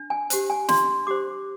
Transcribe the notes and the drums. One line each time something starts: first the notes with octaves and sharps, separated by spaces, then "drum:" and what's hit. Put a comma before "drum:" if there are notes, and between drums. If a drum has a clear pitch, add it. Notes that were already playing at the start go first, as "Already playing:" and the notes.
Already playing: D4
G#5
G4 C5, drum: hi-hat
G#5
D4 C6, drum: snare
G4 C5 D6